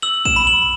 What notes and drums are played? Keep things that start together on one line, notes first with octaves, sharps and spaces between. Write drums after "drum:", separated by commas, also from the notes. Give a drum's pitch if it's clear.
E6 F#7
E7, drum: kick
B5
F#7